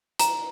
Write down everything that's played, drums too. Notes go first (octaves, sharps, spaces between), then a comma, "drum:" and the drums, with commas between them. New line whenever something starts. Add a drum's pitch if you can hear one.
A#5, drum: hi-hat